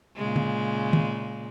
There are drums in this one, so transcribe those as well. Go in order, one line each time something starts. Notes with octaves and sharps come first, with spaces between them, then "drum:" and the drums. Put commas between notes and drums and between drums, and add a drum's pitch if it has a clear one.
A#2 C#3 G#3
drum: tom
drum: tom